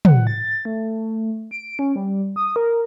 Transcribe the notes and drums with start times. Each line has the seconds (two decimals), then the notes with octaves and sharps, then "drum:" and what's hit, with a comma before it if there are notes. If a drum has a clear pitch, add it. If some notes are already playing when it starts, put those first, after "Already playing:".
0.05 F#5, drum: tom
0.27 A6
0.65 A3
1.51 D7
1.79 C#4
1.96 G3
2.36 D#6
2.56 A#4